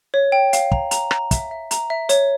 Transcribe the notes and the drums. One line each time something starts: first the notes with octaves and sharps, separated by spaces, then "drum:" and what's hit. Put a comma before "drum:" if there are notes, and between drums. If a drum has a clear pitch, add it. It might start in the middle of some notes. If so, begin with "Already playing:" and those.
C#5
G5
F5, drum: hi-hat
A#5, drum: kick
A#5, drum: hi-hat
A#5, drum: rim click
E5, drum: kick, hi-hat
E5
A#5, drum: hi-hat
E5
C#5, drum: hi-hat